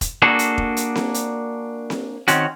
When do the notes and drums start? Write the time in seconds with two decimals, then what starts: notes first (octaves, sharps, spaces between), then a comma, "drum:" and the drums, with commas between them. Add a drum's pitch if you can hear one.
0.01 drum: kick F1, hi-hat
0.22 A#3 D4 F#4 G#4 A4
0.39 drum: hi-hat
0.58 drum: kick F1
0.77 drum: hi-hat
0.95 drum: snare C4
1.14 drum: hi-hat
1.90 drum: snare C4
2.28 D#3 C4 C#4 F#4, drum: hi-hat